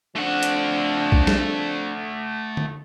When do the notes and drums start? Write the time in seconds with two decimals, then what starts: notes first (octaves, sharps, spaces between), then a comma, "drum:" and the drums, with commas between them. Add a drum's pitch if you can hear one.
0.16 F3 A3 C4 D4 F#5
0.43 drum: hi-hat
1.12 drum: kick B1
1.27 drum: snare
2.57 drum: tom D3